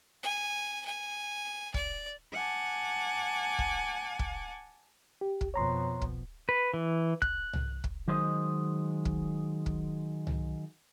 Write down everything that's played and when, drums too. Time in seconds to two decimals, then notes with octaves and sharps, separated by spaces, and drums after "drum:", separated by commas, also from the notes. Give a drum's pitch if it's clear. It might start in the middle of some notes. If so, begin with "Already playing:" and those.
0.22 G#5
0.85 G#5
1.74 D5, drum: kick
2.33 F#5 G#5 A5 D6
3.59 drum: kick
4.19 drum: kick
5.21 G4
5.41 drum: kick
5.54 F2 B2 C#5 A#5 C6
6.02 drum: kick
6.49 B4
6.74 E3
7.22 F#6, drum: kick
7.53 drum: tom
7.84 drum: kick
8.08 D#3 F#3 G#3 C5 D#5
9.05 drum: kick
9.66 drum: kick
10.27 drum: tom